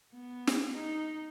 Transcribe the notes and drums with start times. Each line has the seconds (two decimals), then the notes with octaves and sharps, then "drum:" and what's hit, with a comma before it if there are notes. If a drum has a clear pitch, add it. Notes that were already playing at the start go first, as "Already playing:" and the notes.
0.14 B3
0.47 drum: snare
0.72 D#4